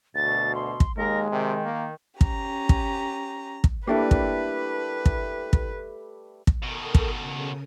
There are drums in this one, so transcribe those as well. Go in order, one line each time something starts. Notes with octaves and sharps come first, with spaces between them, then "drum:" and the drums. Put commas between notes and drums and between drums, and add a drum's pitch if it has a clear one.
D2 B2 A6
C6
drum: kick
D#2 G#3 A#4 A#6
C3 D#3 G5
A#3
C#4 G4 A#5, drum: kick
drum: kick
drum: kick
G3 A3 A#3 D4 E4 G4 B4
drum: kick
drum: kick
drum: kick
drum: kick
B2 D#3 A4 A#4 D#6
drum: kick
C#3